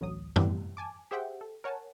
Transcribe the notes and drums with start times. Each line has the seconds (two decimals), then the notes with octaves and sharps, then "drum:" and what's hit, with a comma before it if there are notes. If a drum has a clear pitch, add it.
0.01 A1 D2 F#3 D#6
0.36 A2 C3 E3 G3 B3 G4, drum: tom
0.77 G#5 A5 D6
1.11 G4 G#4 C5 E5 F#5 G5
1.41 A4
1.64 A#4 C#5 F#5 G#5 A5